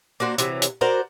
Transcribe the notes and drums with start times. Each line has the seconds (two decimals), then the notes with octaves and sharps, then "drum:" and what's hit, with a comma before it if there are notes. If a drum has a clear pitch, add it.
0.20 A#3 D4 F#4 C5
0.38 C3 E3 F#3, drum: hi-hat
0.62 drum: hi-hat
0.81 F#4 A#4 C5 D5